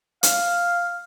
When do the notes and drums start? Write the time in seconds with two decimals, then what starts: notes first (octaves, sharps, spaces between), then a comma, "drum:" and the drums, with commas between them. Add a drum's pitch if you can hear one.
0.23 F5, drum: hi-hat